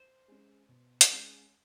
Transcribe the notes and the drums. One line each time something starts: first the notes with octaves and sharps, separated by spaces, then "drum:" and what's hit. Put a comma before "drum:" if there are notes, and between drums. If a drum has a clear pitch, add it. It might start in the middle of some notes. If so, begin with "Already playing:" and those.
Already playing: C5
G#3 C#4
B2
drum: hi-hat
G#3 C#4